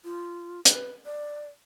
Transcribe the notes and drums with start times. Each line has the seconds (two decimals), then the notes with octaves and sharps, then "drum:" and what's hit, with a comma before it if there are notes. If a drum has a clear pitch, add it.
0.04 F4
0.65 B4, drum: hi-hat
1.05 D5